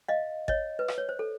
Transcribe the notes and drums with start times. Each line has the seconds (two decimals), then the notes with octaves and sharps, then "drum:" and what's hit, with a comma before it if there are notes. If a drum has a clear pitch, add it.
0.08 D#5 F5
0.48 C#5 D#5, drum: kick G#1
0.79 B4
0.88 drum: rim click
0.98 C#5
1.09 C5
1.19 A4